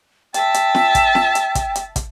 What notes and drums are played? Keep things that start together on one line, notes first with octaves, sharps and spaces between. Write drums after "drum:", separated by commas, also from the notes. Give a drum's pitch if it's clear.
E5 G5 A5, drum: hi-hat
drum: hi-hat
drum: snare
drum: kick, hi-hat
drum: snare
drum: hi-hat
drum: kick, hi-hat
drum: hi-hat
drum: kick, hi-hat